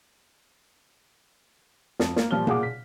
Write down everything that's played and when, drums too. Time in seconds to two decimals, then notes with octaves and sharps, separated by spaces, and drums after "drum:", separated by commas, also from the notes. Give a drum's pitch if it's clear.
2.00 F2, drum: snare
2.16 A#3, drum: snare
2.31 A#2 F3 G3 F6 G7
2.47 A#2 G#4 F#5 D6, drum: tom B2
2.63 B6